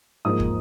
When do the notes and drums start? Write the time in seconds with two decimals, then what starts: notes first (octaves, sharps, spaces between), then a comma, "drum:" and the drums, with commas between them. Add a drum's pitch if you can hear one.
0.25 G#2 F3 A#3 D#4 D#6
0.40 drum: kick